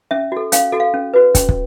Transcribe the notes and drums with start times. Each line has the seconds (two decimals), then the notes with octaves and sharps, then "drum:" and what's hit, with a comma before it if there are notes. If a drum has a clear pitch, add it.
0.11 C#4 E5
0.32 F#4 A4
0.52 C#4 F5, drum: hi-hat
0.72 F#4 A4
0.80 F5
0.94 C#4
1.14 F#4 B4
1.35 C#4, drum: kick, hi-hat
1.49 drum: kick